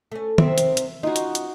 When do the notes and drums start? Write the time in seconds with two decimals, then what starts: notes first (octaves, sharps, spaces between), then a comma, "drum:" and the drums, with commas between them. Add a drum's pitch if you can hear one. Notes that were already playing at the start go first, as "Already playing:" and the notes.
0.12 A3 C#4
0.38 C3 D#3 C4 E5, drum: tom
0.58 drum: hi-hat
0.77 drum: hi-hat
1.03 C#4 D#4 F4 F#4
1.16 drum: hi-hat
1.35 drum: hi-hat